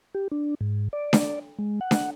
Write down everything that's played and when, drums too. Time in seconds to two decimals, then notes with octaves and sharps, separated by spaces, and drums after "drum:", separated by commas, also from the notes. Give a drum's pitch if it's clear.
0.14 G4
0.31 D4
0.61 G#2
0.93 D5
1.13 drum: snare D4
1.59 G#3
1.81 F#5
1.91 drum: snare D4